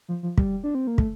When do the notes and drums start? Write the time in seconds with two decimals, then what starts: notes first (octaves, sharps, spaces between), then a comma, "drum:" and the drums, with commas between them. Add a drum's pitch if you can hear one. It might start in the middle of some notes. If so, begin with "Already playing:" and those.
0.09 F3
0.23 F3
0.38 G3, drum: kick
0.64 D4
0.75 C4
0.87 A#3
0.98 A3, drum: kick